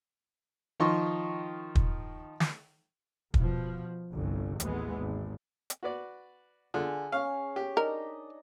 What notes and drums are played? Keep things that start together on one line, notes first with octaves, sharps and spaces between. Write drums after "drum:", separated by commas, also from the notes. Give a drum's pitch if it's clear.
D#3 F3 D#4 C6 C#6
drum: kick
drum: snare
B2 F3, drum: kick
G1 C2
A1 D#2 E3 G#3 B3, drum: hi-hat
G#1
drum: hi-hat
F#4 B4 D5
D3 F4 G#4
C#4 F5
G4
D4 D#4 A#4 D#5